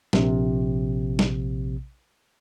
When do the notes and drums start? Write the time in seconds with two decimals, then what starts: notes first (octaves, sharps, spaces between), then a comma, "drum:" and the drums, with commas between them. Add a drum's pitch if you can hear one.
0.13 A#1 C3, drum: snare
1.19 drum: snare